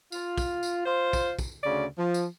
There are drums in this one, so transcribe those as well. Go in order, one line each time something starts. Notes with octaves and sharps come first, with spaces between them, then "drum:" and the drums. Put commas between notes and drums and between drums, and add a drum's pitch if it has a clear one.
F4, drum: tambourine
drum: kick, tambourine
drum: tambourine
F4 C5
drum: kick, tambourine
drum: kick, tambourine
D2 C#3 D5
F3
drum: tambourine